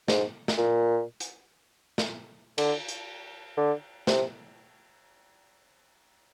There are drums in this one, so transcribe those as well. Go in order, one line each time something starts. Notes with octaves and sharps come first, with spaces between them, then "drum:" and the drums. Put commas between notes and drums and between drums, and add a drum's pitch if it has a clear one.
G#2, drum: snare
drum: snare
A#2
drum: hi-hat
drum: snare
D3, drum: cymbal
drum: hi-hat
D3
C3, drum: snare